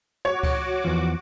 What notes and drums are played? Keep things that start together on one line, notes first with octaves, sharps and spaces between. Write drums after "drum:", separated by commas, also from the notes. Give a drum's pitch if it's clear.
F#4 C#5 D6
drum: kick C#2, cymbal
E2 F3